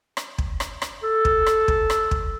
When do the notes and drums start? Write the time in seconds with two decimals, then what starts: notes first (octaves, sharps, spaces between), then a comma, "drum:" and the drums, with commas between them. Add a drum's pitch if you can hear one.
0.17 drum: rim click
0.38 drum: kick
0.60 drum: rim click
0.82 drum: rim click
1.03 A4
1.25 drum: kick
1.46 drum: rim click
1.68 drum: kick
1.90 drum: rim click
2.11 drum: kick